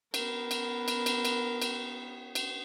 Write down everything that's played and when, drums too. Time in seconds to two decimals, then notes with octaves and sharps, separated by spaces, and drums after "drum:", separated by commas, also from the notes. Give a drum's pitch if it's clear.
0.14 B3 A#4, drum: cymbal
0.51 drum: cymbal
0.88 drum: cymbal
1.06 drum: cymbal
1.25 drum: cymbal
1.62 drum: cymbal
2.35 drum: cymbal